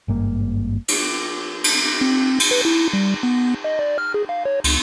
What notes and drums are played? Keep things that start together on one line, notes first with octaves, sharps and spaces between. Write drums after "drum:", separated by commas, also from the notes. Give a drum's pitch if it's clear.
G#1 G2 A#3
drum: cymbal
drum: cymbal
C4
drum: cymbal
B4
E4
G3
B3
D#5
D5
F6
G#4
F5
C#5
C#2, drum: cymbal